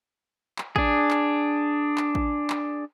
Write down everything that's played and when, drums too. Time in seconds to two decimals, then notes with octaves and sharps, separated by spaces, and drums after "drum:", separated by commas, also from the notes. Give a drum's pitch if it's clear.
0.58 drum: clap
0.76 D4 G#4, drum: kick A1
1.11 drum: clap
1.98 drum: clap
2.15 drum: kick A1
2.50 drum: clap